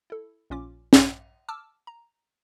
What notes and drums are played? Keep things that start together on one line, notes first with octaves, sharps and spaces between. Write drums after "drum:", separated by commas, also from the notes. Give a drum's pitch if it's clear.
E4 A4
A#1 A#2 C#4 F4 D6
A#1 G2, drum: snare C#4
A5 D6 E6 F6
A#5